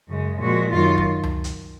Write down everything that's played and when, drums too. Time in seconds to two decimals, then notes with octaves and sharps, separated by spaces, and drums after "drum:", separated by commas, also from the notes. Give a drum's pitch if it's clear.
0.08 F#2 C#3 G#3
0.39 A#2 F3 G#3 F#4
0.71 F#2 D#3 F#3 F4
0.98 drum: kick
1.23 drum: tom C#2
1.44 drum: hi-hat